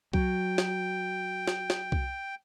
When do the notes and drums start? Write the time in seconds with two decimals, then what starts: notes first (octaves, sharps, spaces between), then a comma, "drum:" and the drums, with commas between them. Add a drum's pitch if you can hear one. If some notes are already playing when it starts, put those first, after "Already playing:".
0.13 F#3 G5, drum: kick C2
0.58 drum: snare
1.48 drum: snare
1.70 drum: snare
1.92 drum: kick C2